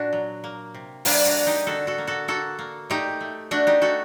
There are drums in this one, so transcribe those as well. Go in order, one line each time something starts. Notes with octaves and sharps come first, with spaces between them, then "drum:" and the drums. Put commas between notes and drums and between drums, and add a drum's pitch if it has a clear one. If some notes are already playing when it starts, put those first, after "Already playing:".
Already playing: A#2 D4 F#4
F#3
A#3
C3
G3 A#3 D4, drum: open hi-hat
D4 F#4
C3
D#4 G4
D3 F#4 A4
F#4 A4
A#3
F#4 A4
A#3 F#4 A4
A#3
A3 D#4 G4
A3
A3 D4 F#4
D#4 G4
A3 F#4 A4